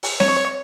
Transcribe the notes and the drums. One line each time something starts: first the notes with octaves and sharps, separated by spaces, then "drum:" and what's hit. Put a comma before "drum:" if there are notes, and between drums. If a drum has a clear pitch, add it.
drum: open hi-hat
C#5, drum: snare C4